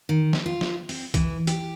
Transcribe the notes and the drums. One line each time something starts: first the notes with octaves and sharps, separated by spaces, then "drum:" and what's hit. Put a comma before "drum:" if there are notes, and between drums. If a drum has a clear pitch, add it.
D#3
drum: snare
F4
drum: snare
C4, drum: open hi-hat
E3, drum: kick, hi-hat
G4, drum: hi-hat